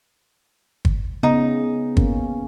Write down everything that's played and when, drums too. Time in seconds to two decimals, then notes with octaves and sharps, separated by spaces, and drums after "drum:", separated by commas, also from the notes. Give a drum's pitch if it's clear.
0.85 drum: kick
1.23 C#3 B3 D#4
1.97 A#3 C#4, drum: kick